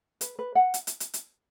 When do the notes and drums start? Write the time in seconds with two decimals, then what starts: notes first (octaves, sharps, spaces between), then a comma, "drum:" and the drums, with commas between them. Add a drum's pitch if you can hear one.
0.21 B4, drum: hi-hat
0.39 B4
0.55 F#5
0.74 drum: hi-hat
0.87 drum: hi-hat
1.00 drum: hi-hat
1.14 drum: hi-hat